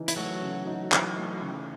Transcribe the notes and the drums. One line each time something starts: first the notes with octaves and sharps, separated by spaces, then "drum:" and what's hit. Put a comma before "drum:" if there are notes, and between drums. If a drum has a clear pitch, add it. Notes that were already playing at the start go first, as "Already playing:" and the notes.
Already playing: C#3 E3 D#4
E4, drum: hi-hat
F#3 A3 F#4
C#3
D#4
E3, drum: clap
A3
C#3